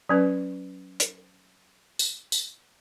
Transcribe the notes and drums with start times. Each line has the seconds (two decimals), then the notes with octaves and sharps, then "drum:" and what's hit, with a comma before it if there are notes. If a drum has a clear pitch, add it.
0.09 F#3 C#4 B4
1.00 drum: hi-hat
1.99 drum: tambourine
2.32 drum: tambourine